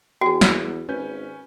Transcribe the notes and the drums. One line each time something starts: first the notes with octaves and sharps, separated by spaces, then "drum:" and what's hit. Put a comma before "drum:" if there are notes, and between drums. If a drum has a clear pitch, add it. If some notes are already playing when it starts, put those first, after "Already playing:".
E2 F#4 G#4 G5
drum: snare
G#1 C#4 B4 G6